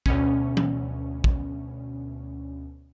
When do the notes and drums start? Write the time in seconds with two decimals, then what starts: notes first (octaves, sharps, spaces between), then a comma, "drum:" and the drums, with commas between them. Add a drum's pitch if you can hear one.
0.06 D2 B2 C#4, drum: kick
0.57 drum: tom E3
1.24 drum: kick